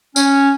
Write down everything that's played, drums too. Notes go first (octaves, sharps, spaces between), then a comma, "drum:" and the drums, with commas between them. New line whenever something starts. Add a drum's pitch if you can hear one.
C#4, drum: tambourine